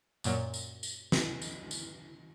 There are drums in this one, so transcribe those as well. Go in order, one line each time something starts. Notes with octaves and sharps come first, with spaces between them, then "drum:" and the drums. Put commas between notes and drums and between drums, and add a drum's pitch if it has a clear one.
F#2 A#2 F#3, drum: tambourine
drum: tambourine
drum: tambourine
drum: snare
drum: tambourine
drum: tambourine